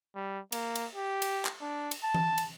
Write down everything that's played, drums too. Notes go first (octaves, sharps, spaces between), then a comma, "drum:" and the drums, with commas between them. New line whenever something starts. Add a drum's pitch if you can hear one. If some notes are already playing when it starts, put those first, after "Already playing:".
G3
A#3, drum: cymbal
drum: cymbal
G4
drum: cymbal
drum: clap
D4
drum: cymbal
A5
drum: tom E3
drum: cymbal